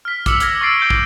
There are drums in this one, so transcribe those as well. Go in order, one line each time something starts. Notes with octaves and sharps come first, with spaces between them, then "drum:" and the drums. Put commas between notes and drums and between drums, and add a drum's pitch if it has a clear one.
F6 B6
D6 E6 C#7 F7 F#7, drum: kick, hi-hat
F6 G#6 A#6, drum: hi-hat
C#6 E6 A6 C7 D7
C#6 G6 D7 G7
drum: kick